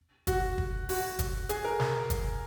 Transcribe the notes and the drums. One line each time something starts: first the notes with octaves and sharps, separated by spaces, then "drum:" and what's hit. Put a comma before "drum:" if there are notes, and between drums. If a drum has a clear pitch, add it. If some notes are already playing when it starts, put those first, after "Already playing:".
F#4, drum: kick, hi-hat
drum: kick
F#4, drum: open hi-hat
drum: kick, hi-hat
G#4, drum: hi-hat
A#4
drum: snare
drum: kick, hi-hat